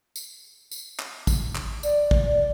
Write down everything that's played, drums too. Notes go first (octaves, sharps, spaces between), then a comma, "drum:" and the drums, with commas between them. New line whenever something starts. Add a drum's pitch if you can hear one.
drum: tambourine
drum: tambourine
drum: clap
drum: kick, tambourine
drum: clap
D5, drum: tambourine
drum: kick